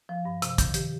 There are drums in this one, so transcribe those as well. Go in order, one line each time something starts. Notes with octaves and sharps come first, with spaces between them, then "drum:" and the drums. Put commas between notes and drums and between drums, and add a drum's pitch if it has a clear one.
F3
G2
C3, drum: hi-hat
D#3, drum: kick, hi-hat
G4, drum: hi-hat